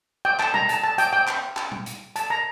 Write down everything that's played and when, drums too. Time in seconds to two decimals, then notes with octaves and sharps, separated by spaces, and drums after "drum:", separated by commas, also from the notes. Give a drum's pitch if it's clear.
0.25 G5
0.39 A5, drum: clap
0.54 A#5, drum: tom B2
0.69 A5, drum: hi-hat
0.83 A5
0.98 G5, drum: hi-hat
1.13 G5
1.27 drum: clap
1.57 drum: clap
1.71 drum: tom B2
1.86 drum: hi-hat
2.16 A5, drum: hi-hat
2.30 A#5